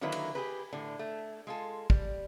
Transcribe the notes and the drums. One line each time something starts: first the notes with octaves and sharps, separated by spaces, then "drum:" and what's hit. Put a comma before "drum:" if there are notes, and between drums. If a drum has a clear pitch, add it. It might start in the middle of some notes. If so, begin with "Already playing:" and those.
D3 D#3 F#3 A#3 E4 B4
drum: cymbal
G4 G#4 B4
A2 D3
A3
G#3 F4 A4
G3, drum: kick